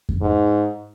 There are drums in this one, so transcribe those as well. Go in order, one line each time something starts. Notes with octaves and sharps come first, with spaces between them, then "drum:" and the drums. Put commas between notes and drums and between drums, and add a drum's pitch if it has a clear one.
drum: kick F2
G#2